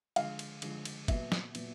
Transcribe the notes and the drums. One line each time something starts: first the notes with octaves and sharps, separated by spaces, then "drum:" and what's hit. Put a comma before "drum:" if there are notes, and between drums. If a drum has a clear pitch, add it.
D3 F3 G#3 F5, drum: cymbal
drum: cymbal
D3 F3 G#3, drum: cymbal
drum: cymbal
A#2 F#3 B3 E5, drum: kick G1, cymbal
drum: snare
A#2 F#3 B3, drum: cymbal